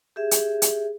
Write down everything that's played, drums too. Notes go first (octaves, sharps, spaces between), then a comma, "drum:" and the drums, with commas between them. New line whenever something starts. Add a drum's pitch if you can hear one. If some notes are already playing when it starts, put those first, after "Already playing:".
G4 G#4 E5
drum: hi-hat
drum: hi-hat